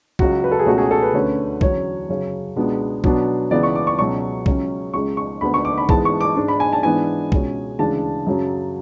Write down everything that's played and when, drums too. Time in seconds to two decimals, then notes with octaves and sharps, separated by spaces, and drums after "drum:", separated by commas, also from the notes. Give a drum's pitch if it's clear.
0.19 C#2 C#3 F#3 F#4, drum: kick B1
0.44 B4
0.51 A4
0.59 G#4
0.66 C#2 B2 A3 C#4 F#4
0.78 G#4
0.91 A4
1.02 B4
1.14 D2 D3 A3 C#4
1.61 E2 D3 F#3 C#4 C#5, drum: kick B1
2.09 F#2 C#3 F#3 C#4
2.56 C#2 B2 G#3 B3 D4
3.04 B2 F#3 B3 D4, drum: kick B1
3.51 C#2 C#3 E3 B3 D5
3.63 C#6
3.75 D6
3.87 C#6
3.99 C#2 B2 F#3 C#6
4.46 C#2 C#3 F#3 C#4, drum: kick B1
4.94 C#2 C#3 G#3 C#6
5.17 C#6
5.41 D2 D3 G#3 B3 B5
5.54 C#6
5.65 D6
5.78 B5
5.89 G#2 E3 G#3 B3 A5, drum: kick B1
6.05 C#6
6.21 D6
6.36 G#2 G#3 D4
6.48 B5
6.60 G#5
6.73 A5
6.83 G#2 E3 B3 D4 G#5
7.32 C#2 B2 G#3 C#4, drum: kick B1
7.78 D2 C#3 E3 G#3 D4 A5
8.27 F#2 C#3 F#3